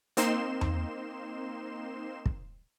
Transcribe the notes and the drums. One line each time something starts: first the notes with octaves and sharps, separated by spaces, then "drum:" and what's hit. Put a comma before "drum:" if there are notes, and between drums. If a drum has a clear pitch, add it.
A#3 C4 D#4 C6 E7, drum: hi-hat
drum: tom E2
drum: kick